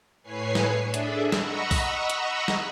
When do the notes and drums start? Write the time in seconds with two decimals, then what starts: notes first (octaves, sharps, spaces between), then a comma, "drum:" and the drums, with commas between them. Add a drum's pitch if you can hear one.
0.23 A2 B4 C#5 G#5 C7
0.55 drum: snare
0.83 D4 G#4 A4 E5
0.94 drum: hi-hat
1.32 D#5 F#5 A#5 B5 C#6 E6, drum: snare
1.71 drum: kick B1, open hi-hat
2.10 drum: hi-hat
2.48 drum: snare